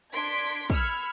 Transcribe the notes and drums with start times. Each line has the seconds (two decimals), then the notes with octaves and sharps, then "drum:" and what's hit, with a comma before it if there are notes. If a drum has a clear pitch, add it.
0.13 D4 C6 G#6 B6 D7
0.70 B5 E6 F6 G#6 C#7, drum: kick